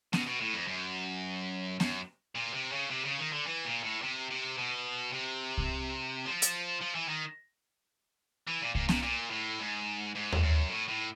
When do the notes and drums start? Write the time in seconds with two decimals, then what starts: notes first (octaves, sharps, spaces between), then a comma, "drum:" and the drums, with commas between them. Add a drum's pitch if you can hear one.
0.13 B2, drum: snare B3
0.26 B2
0.41 A2
0.54 F2
0.68 F#2
1.80 F#2, drum: snare B3
2.35 A#2
2.54 C3
2.72 C#3
2.90 C3
3.05 C#3
3.18 D#3
3.32 D3
3.46 E3
3.65 A#2
3.84 A2
4.02 C3
4.31 C3
4.58 B2
5.13 C3
5.58 drum: kick C2
6.25 F3
6.42 drum: hi-hat
6.81 F3
6.95 E3
7.08 D#3
8.47 E3
8.61 A#2
8.75 A#2, drum: kick C2
8.89 A#2, drum: snare B3
9.03 A#2
9.31 A2
9.59 G#2
10.15 G#2
10.32 drum: tom D#2
10.43 F#2
10.70 A2
10.89 A2